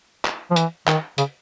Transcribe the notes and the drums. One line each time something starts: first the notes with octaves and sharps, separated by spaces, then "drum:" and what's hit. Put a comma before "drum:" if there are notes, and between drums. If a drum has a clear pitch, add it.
drum: clap
F3
E3, drum: hi-hat
D#3, drum: clap
C#3, drum: hi-hat